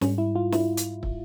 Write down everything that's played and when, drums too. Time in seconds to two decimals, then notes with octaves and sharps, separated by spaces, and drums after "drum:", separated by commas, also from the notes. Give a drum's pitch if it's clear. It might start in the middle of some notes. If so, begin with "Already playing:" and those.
0.01 G#2 G3 C#4, drum: snare
0.18 E4
0.35 F4
0.52 E4, drum: snare
0.77 drum: hi-hat
1.03 drum: kick